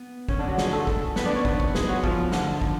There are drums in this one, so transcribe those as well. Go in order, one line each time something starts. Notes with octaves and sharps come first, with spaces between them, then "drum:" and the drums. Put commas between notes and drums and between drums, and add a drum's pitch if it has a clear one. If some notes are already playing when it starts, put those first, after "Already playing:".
Already playing: B3
C#4, drum: kick
D3 D4
F#3 F#4
G#3 G#4, drum: snare
A3 A4
drum: kick
B3 B4, drum: snare
D4 D5
C#4 C#5
B3 B4, drum: kick
drum: kick
G#3 G#4, drum: snare
F#3 F#4
F3 F4, drum: kick
D3 D4, drum: snare
drum: kick